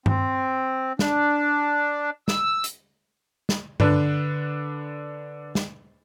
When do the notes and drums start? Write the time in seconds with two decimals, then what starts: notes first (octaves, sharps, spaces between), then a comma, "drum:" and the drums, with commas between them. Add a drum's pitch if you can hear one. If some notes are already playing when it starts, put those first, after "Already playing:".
0.06 C4, drum: tom G2
0.99 D4, drum: snare
2.28 E6, drum: snare
2.64 drum: hi-hat
3.49 drum: snare
3.80 D3 D4 B4, drum: tom G2
5.55 drum: snare